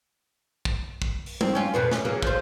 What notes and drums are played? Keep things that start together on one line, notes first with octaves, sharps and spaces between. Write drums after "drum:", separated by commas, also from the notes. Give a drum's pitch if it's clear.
drum: kick
drum: kick
drum: open hi-hat
C4, drum: tom G3
C#4 F4
F2 B2 B3
C#4, drum: snare
C#3 F#3 A#3
F3 C5, drum: kick